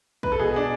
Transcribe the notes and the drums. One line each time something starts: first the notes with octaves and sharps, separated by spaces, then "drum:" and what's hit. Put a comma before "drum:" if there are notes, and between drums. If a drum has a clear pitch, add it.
B4, drum: kick
A4
B2 G#4
D4